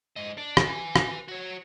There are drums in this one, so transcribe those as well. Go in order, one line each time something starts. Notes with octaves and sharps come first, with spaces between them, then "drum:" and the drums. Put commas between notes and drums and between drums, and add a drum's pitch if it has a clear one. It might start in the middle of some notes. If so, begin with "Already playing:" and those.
G#2 D#5
D4
drum: rim click
B4 G#5
drum: rim click
F#4 C#5